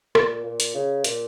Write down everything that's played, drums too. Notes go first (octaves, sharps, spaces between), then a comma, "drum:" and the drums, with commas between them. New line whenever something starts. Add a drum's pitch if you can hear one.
A#2, drum: rim click
A#2
drum: hi-hat
C#3
A#2, drum: hi-hat